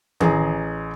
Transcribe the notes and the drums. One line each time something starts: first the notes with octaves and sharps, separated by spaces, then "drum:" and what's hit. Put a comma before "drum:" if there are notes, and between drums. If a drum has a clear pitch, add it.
A1 G#4 A#5, drum: tom D#3